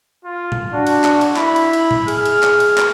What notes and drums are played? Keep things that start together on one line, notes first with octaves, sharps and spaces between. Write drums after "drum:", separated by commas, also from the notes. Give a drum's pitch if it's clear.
F4
drum: tom A#2
D4 F#4
drum: cymbal
drum: clap
drum: cymbal
E4 B5, drum: clap
drum: cymbal
drum: cymbal
drum: tom A#2
G#4 F6, drum: cymbal
drum: cymbal
drum: clap
drum: cymbal
drum: clap